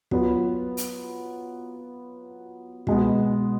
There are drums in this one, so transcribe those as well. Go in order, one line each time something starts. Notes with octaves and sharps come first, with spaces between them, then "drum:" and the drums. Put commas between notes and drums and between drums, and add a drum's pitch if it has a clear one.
F#3 B3 F4 B4, drum: kick
drum: hi-hat
B2 G#3 B3, drum: kick